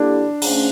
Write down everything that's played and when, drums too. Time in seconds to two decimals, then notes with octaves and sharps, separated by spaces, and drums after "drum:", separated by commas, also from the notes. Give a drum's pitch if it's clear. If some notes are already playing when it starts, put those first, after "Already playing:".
Already playing: D3 G3 A#3 D4 E4 G4
0.41 C#3 F3 A3 C#4, drum: open hi-hat